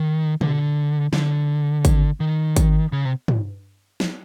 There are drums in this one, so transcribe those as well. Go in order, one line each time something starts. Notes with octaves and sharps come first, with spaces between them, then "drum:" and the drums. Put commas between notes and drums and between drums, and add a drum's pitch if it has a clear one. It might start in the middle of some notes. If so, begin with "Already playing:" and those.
Already playing: D#3
D3, drum: tom
D3, drum: snare
drum: kick G#1, hi-hat
D#3
drum: kick G#1, hi-hat
C#3
C3
drum: tom
drum: snare